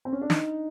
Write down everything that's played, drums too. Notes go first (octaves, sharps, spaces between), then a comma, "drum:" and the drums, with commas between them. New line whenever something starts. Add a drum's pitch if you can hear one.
C4
C#4
D4
D#4, drum: snare